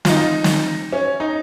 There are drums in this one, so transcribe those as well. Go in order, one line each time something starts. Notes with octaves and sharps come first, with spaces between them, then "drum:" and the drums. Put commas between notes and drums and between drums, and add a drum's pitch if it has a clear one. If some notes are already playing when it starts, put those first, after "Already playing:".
F4, drum: snare
D#4
drum: snare
C#4
D#4